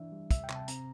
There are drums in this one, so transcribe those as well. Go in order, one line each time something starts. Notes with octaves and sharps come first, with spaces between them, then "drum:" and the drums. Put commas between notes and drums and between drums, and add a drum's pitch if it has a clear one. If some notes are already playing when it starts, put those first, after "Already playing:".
Already playing: E3 D4 E5
G3
C3 E5, drum: kick, hi-hat
G5
C3, drum: clap
A5
C4 A#5, drum: hi-hat